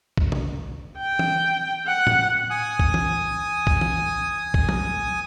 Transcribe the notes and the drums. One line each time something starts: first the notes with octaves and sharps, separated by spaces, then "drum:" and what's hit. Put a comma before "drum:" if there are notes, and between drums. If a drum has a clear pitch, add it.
drum: kick B1
drum: tom
G5
drum: tom
F#5
drum: tom
G#5 D#6
drum: kick B1
drum: tom
drum: kick B1
drum: tom
drum: kick B1
drum: tom